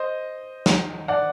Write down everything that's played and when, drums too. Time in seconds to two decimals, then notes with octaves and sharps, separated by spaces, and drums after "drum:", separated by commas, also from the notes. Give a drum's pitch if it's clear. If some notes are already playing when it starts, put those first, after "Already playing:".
Already playing: C5 D#5
0.66 drum: snare
1.08 D5 F#5